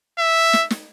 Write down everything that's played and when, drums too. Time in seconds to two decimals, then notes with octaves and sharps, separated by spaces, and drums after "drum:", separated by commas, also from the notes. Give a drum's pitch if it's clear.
0.18 E5
0.53 drum: snare
0.70 drum: snare